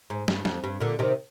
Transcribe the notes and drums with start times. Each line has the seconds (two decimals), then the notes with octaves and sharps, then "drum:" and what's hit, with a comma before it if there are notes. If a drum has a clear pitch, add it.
0.10 G#2
0.28 G2, drum: snare
0.45 F2, drum: snare
0.64 G2
0.80 A#2 D3
0.99 C3 D#3